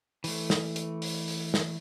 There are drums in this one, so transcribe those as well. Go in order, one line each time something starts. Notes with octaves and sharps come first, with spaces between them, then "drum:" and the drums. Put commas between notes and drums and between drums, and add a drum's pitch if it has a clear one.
E3 A3, drum: open hi-hat
drum: snare
drum: hi-hat
drum: open hi-hat
drum: open hi-hat
drum: snare